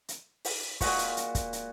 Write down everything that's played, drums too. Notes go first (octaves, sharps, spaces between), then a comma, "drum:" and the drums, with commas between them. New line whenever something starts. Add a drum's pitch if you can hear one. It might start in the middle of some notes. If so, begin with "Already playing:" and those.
drum: hi-hat
drum: open hi-hat
A#2 G#3 F#4 C#6, drum: kick, open hi-hat
drum: hi-hat
drum: hi-hat
drum: kick, hi-hat
drum: hi-hat